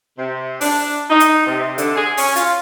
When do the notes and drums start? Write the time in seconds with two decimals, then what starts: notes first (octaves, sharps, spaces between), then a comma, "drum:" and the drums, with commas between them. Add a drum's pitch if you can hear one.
0.18 C3
0.61 D4, drum: open hi-hat
1.10 D#4
1.20 drum: hi-hat
1.46 C3
1.78 D3, drum: hi-hat
1.96 G#4
2.17 C#4, drum: open hi-hat
2.36 F4, drum: hi-hat